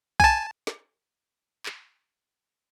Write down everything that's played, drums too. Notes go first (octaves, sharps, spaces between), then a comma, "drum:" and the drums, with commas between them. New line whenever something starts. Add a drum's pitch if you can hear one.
G#5 A5, drum: kick B1
drum: snare
drum: clap